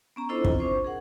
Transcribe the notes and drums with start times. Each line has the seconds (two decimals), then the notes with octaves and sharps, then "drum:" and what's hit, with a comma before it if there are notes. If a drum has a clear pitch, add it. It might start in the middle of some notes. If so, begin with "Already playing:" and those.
0.16 B3 C#4 A#5
0.29 D4 E4 F4 A4 C5 D#5
0.45 C4 F4, drum: kick
0.59 D4 C5 C#6
0.84 G#4 A#4 F#5